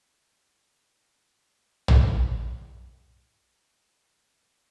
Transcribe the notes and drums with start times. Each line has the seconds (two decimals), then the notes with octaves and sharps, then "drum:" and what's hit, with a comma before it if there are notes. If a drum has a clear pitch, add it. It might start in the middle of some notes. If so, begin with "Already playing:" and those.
0.23 D#2 B2
1.88 drum: tom
3.80 G#4
4.34 D#5
4.51 A5